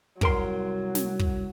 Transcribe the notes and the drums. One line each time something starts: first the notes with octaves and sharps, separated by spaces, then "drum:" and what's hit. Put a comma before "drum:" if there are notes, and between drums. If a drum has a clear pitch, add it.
C2 F#3 A#4 C6, drum: kick
drum: snare
drum: kick